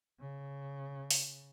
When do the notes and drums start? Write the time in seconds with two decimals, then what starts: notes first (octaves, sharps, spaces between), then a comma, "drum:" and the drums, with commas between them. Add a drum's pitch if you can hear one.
0.20 C#3
1.11 drum: open hi-hat